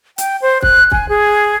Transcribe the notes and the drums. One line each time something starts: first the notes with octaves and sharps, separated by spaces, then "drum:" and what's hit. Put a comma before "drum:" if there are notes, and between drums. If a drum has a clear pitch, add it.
G5, drum: hi-hat
C5
F#6, drum: kick
G#5, drum: kick
G#4